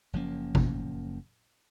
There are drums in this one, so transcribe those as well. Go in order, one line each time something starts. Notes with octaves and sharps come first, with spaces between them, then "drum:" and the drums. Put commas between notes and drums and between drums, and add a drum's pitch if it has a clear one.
F#1 F3 A#3 C#4
drum: kick